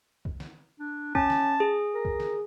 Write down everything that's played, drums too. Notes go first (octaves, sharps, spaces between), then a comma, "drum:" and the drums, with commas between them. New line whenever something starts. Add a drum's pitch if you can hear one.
drum: kick
drum: snare
D4
C#4 A5, drum: kick
drum: snare
G#4
A#4
drum: kick
drum: snare